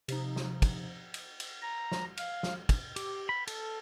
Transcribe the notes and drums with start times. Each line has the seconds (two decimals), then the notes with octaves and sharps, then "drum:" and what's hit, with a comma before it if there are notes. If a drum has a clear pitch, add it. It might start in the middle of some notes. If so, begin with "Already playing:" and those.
0.08 C3 F3 D#4, drum: cymbal
0.36 drum: snare
0.62 drum: kick, cymbal
1.14 drum: cymbal
1.40 drum: cymbal
1.62 A#5
1.92 drum: snare
2.17 F5, drum: cymbal
2.43 drum: snare
2.69 drum: kick, cymbal
2.96 G4, drum: cymbal
3.29 B5
3.47 A4, drum: cymbal